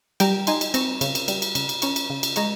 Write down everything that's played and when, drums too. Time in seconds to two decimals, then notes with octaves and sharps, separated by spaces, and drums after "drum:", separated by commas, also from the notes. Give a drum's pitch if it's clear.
0.20 G3 G5 A#5, drum: cymbal
0.47 D#4 G#5 C6, drum: cymbal
0.61 drum: cymbal
0.74 C4 A#5 C#6, drum: cymbal
1.01 C#3, drum: cymbal
1.15 drum: cymbal
1.28 G3, drum: cymbal
1.42 drum: cymbal
1.55 C#3, drum: cymbal
1.69 drum: cymbal
1.82 C#4 A#5 C#6, drum: cymbal
1.96 drum: cymbal
2.10 C#3
2.23 drum: cymbal
2.36 G#3 A#5 C#6, drum: cymbal